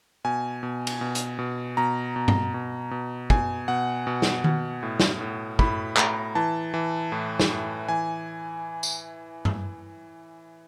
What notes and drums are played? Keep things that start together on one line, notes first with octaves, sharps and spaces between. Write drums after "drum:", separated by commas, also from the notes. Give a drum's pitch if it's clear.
B2 G#5
B2
drum: cymbal
B2
drum: hi-hat
B2
B2 A#5
B2
drum: tom G2
B2
B2
B2 G#5, drum: kick
B2 F#5
B2
drum: snare
B2, drum: tom
A2
drum: snare
A2
A2 B5, drum: kick
A2 A#5, drum: clap
E3 A5
E3
A2
drum: snare
A2
E3 G#5
drum: tambourine
drum: tom G2